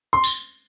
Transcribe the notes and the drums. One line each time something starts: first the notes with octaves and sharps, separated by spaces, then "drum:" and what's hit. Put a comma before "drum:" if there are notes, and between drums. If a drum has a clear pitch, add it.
C6
drum: tambourine